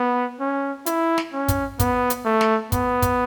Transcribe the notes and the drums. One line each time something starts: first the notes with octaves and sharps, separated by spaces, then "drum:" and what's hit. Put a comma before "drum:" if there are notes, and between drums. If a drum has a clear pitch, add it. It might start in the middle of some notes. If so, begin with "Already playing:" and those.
Already playing: B3
C#4
E4, drum: hi-hat
drum: snare
C#4
drum: kick, hi-hat
B3, drum: kick, hi-hat
drum: hi-hat
A3
drum: snare
B3, drum: kick, hi-hat
drum: kick, hi-hat